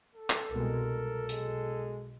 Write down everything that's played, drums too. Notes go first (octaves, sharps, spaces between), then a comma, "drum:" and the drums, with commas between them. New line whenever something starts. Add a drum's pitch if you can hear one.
A4
drum: clap
C2 B2 G#3 A#4
B1
G#3, drum: open hi-hat